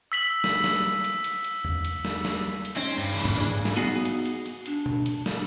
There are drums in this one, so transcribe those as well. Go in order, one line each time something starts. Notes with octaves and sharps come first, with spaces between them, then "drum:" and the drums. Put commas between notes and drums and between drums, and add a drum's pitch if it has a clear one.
E6 B6 F#7
drum: snare
drum: snare
drum: hi-hat
drum: hi-hat
drum: hi-hat
drum: tom E2
drum: hi-hat
drum: snare
drum: snare
drum: hi-hat
G#3 C4 C#4 D#4
G2
C#3 E3
drum: tom G#2
D4 G#4
drum: snare
B3 D#4 F#4 G#4
drum: hi-hat
drum: hi-hat
drum: hi-hat
D4, drum: hi-hat
drum: tom B2
drum: hi-hat
drum: snare